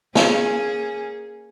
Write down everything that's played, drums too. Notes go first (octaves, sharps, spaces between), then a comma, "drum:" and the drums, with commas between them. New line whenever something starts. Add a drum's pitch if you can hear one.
A#3 C#4 G#4, drum: snare